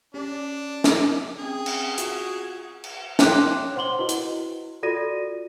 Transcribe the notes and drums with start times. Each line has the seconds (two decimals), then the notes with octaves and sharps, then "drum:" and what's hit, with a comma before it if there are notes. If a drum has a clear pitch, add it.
0.14 C#4 D4 G4
0.84 drum: snare
1.39 C4 G#4
1.66 drum: cymbal
1.98 F4 F#4, drum: hi-hat
2.84 drum: cymbal
3.19 C#5 G5 C6 D6 F#6, drum: snare
3.76 C5 F#5 C6 F#7 G7
3.99 E4 F#4 B4 D#5
4.09 drum: hi-hat
4.83 F4 F#4 A4 D5 A#6 D#7